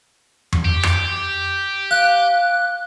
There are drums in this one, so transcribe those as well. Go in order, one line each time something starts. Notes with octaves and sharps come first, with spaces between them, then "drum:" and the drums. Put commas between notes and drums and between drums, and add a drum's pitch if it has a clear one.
drum: tom F2
G4
drum: rim click
F5 F#6